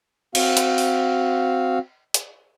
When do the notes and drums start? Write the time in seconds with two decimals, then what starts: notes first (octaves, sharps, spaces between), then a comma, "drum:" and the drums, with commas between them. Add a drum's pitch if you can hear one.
0.35 C4 F#4 F5, drum: cymbal
0.57 drum: hi-hat
0.78 drum: open hi-hat
2.14 drum: hi-hat